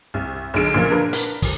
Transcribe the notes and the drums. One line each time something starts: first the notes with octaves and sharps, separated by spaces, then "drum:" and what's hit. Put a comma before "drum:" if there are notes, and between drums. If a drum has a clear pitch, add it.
C2
B1 D3 G#4 D7
A#2 C#3 F3 A#3
D4 A#4 B4
drum: hi-hat
drum: kick, open hi-hat